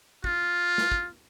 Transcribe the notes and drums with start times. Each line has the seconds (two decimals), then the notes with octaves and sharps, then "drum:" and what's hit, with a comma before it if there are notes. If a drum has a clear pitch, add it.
0.24 F4, drum: kick
0.78 drum: snare
0.92 drum: kick